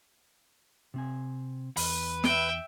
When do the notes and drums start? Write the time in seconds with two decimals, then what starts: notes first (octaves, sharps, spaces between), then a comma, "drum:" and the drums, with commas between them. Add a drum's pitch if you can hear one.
0.94 C3 C4 G#5
1.77 E2 B4, drum: open hi-hat
2.24 E5 G5, drum: snare